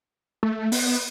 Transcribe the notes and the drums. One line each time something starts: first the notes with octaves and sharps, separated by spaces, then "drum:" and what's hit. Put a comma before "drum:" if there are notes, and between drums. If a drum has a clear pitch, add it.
A3
B3, drum: open hi-hat